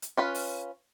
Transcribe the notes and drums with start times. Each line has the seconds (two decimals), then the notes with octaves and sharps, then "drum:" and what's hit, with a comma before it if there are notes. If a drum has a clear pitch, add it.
0.02 drum: hi-hat
0.17 C#4 F4 B4
0.35 drum: open hi-hat